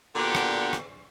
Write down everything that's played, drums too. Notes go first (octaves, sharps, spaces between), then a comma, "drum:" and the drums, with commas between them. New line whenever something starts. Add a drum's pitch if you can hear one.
A#2 D3 B3 D4 F#4 G4
drum: rim click
drum: rim click